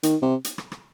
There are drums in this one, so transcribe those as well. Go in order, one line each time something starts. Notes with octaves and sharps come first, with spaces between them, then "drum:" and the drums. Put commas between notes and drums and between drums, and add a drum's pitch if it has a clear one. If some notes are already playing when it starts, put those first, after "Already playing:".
D#3, drum: hi-hat
C3
drum: hi-hat
drum: rim click
drum: rim click